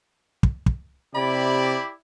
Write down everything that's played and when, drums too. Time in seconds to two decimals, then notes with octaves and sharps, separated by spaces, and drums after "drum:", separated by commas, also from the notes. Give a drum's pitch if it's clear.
0.43 drum: kick
0.66 drum: kick
1.15 C3 E4 G4 D5 B5